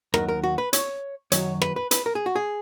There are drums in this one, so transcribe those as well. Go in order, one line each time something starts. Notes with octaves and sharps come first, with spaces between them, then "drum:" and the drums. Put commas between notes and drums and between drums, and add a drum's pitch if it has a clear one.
D#2 D#3 F#3 A#4, drum: rim click
A#4
F#4
B4
C#5, drum: hi-hat
F#2 D#3 F#3 C#5, drum: hi-hat
B4, drum: rim click
B4
B4, drum: hi-hat
A#4
G#4
F#4
G#4